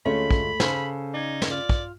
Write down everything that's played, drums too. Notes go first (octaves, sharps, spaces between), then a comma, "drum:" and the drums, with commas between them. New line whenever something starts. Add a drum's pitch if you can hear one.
D2 G#3 A3 C#4 F4 B5
drum: kick
C#3 A4 C5, drum: snare
D#4 D5 G#6
drum: snare
F4 D5 F6
drum: kick